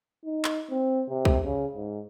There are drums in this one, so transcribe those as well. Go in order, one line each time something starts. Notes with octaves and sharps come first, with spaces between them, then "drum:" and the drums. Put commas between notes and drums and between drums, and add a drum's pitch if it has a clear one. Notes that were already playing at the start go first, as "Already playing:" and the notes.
D#4
drum: clap
C4
C3
drum: kick C2
C#3
G#2